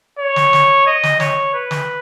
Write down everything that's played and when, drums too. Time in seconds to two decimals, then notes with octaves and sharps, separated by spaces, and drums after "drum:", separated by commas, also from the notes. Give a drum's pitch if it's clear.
0.19 C#5
0.36 drum: snare
0.53 drum: snare
0.86 D#5
1.03 drum: snare
1.20 C#5, drum: snare
1.54 B4
1.71 drum: snare